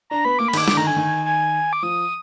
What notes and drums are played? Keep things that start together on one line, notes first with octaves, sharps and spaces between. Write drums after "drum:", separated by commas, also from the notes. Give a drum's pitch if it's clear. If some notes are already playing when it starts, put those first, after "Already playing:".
D4 A#5
B3 B5
A#3 D6
B5
D#3 D6, drum: cymbal
D3 D6, drum: snare
D#3 A#5
D3 G#5
D#3
G#5
D6
F3 D#6